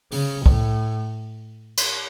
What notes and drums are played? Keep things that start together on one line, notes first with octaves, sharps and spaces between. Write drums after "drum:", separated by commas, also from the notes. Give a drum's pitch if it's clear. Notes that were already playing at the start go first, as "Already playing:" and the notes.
C#3, drum: open hi-hat
A2, drum: kick
drum: cymbal